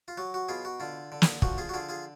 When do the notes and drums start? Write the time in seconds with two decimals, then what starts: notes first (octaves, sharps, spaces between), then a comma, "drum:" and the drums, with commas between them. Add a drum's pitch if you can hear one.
0.08 F4
0.17 F#3 F#4
0.34 F#4
0.49 B2 F4 G#4
0.65 F#4
0.80 D3 F4
1.12 D3
1.22 drum: snare
1.42 F3 F#4, drum: kick
1.58 F4 G#4
1.69 F#4
1.74 D3 F4 G#4
1.89 F4 G#4